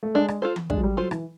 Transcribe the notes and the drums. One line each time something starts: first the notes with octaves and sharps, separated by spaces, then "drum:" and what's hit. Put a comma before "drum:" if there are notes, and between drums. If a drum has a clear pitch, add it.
A3
G#3 D4
drum: rim click
F4 A4 C5
drum: tom E3
G#3 D4, drum: kick
F#3
G3
F#3 F4 A4 C5
E3, drum: rim click